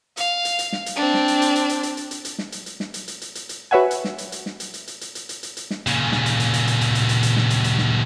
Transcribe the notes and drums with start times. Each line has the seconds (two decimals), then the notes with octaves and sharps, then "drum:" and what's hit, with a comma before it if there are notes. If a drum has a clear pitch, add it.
0.17 F5, drum: hi-hat
0.45 drum: hi-hat
0.59 drum: hi-hat
0.72 drum: snare
0.86 drum: hi-hat
0.96 C4 D4
1.14 drum: snare
1.28 drum: hi-hat
1.42 drum: hi-hat
1.55 drum: hi-hat
1.69 drum: hi-hat
1.83 drum: hi-hat
1.97 drum: hi-hat
2.11 drum: hi-hat
2.25 drum: hi-hat
2.38 drum: snare
2.52 drum: hi-hat
2.66 drum: hi-hat
2.80 drum: snare
2.94 drum: hi-hat
3.08 drum: hi-hat
3.22 drum: hi-hat
3.35 drum: hi-hat
3.49 drum: hi-hat
3.71 F#4 B4 C#5 E5 F#5 G#5
3.91 drum: hi-hat
4.05 drum: snare
4.18 drum: hi-hat
4.32 drum: hi-hat
4.46 drum: snare
4.60 drum: hi-hat
4.74 drum: hi-hat
4.88 drum: hi-hat
5.01 drum: hi-hat
5.15 drum: hi-hat
5.29 drum: hi-hat
5.43 drum: hi-hat
5.57 drum: hi-hat
5.71 drum: snare
5.87 A#2 C#3, drum: hi-hat
6.12 drum: snare
6.26 drum: hi-hat
6.40 drum: hi-hat
6.54 drum: hi-hat
6.67 drum: hi-hat
6.81 drum: hi-hat
6.95 drum: hi-hat
7.09 drum: hi-hat
7.23 drum: hi-hat
7.37 drum: snare
7.50 drum: hi-hat
7.64 drum: hi-hat
7.78 drum: snare